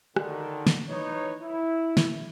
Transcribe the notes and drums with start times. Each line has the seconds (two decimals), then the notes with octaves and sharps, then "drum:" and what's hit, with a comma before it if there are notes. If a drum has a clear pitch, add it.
0.16 D3 D#3, drum: rim click
0.67 drum: snare
0.90 E3 D#4 B4 C#5
1.42 E4
1.97 drum: snare